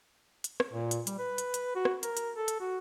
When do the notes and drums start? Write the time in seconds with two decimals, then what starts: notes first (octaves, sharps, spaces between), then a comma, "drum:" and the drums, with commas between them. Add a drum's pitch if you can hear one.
0.44 drum: hi-hat
0.60 drum: rim click
0.73 A#2
0.91 drum: hi-hat
1.07 G3, drum: hi-hat
1.19 B4
1.38 drum: hi-hat
1.54 drum: hi-hat
1.75 F#4
1.85 drum: rim click
2.03 A#4, drum: hi-hat
2.17 drum: hi-hat
2.36 A4
2.48 drum: hi-hat
2.60 F#4